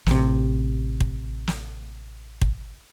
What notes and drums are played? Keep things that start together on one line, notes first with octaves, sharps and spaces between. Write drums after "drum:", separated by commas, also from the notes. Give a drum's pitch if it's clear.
A1 C3, drum: snare
drum: kick
drum: snare
drum: kick